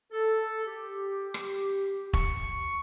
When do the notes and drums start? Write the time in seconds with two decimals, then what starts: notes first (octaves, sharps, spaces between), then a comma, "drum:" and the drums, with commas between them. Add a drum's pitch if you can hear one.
0.11 A4
0.67 G4
1.34 drum: rim click
2.13 C#6, drum: kick E1